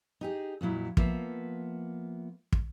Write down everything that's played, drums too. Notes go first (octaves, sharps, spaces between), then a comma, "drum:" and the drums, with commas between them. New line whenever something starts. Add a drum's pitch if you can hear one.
D#4 G4 G#4
F2 A#2 F#3 E4
F3 A#3 B3 E5, drum: kick
drum: kick